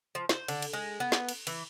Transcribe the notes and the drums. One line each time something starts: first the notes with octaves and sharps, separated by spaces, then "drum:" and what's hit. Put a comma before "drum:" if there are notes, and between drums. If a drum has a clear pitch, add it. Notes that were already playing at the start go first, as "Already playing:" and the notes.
F3
C5, drum: snare
D3, drum: cymbal
drum: cymbal
G#3
B3
drum: snare
drum: cymbal
E3, drum: cymbal